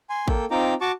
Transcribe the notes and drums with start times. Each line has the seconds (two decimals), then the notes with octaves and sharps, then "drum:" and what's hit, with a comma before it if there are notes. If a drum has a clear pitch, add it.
0.10 G#5 C6
0.28 A#3 A4 G5, drum: kick A1
0.51 C4 D#4 F4 G5 A#5 D6
0.81 F#4 A5 C#6 D6